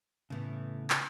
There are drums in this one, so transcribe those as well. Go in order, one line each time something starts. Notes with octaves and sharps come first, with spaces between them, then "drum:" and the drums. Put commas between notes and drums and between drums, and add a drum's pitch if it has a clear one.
A2 C#3 E3 B3
drum: clap